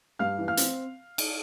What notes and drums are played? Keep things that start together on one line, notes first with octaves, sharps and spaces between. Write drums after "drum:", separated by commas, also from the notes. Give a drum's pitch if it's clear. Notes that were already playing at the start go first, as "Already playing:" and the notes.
G2 F5 F6
E3
F5 F6
C4, drum: hi-hat
drum: cymbal